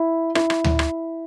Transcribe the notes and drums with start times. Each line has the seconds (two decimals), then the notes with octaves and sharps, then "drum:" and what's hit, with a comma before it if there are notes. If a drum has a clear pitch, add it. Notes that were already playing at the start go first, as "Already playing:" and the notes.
Already playing: E4
0.35 E4, drum: rim click
0.50 drum: rim click
0.64 drum: tom D2
0.79 drum: rim click